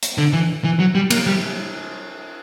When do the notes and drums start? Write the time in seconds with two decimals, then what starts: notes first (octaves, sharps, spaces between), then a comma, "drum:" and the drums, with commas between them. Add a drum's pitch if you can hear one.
0.03 drum: hi-hat
0.18 D3
0.33 E3
0.64 E3
0.79 F#3
0.95 G3
1.11 A#3, drum: cymbal
1.27 G3